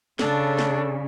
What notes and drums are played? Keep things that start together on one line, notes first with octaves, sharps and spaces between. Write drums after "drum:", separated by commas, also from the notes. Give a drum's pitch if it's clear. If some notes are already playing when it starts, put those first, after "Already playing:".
C#3 D4 A4, drum: snare
drum: snare